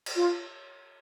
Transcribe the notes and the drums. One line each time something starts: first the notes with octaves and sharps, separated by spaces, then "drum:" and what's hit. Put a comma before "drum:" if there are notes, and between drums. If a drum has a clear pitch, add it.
drum: cymbal
F4